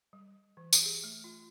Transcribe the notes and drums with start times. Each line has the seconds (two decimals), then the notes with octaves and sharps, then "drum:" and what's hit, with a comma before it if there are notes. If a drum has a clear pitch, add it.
0.13 G3
0.57 E3
0.73 G4, drum: tambourine
0.85 G#4
1.04 A3
1.24 F4